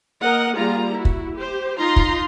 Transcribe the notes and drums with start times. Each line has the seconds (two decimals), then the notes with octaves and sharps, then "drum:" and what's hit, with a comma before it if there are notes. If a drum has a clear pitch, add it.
0.22 A#3 A#4 D#5 F#5
0.55 G3 A#3 F4 G#4 A#5
0.91 E4 F#4
1.05 drum: kick
1.34 G4 C5
1.78 D#4 F4 A#5 C6
1.96 drum: kick